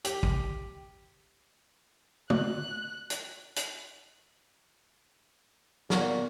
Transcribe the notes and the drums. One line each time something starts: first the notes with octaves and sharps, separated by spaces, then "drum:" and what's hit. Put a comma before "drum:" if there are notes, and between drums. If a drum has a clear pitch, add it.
G4, drum: hi-hat
drum: kick
F#6, drum: tom
drum: hi-hat
drum: hi-hat
A#2 B3 C#6, drum: snare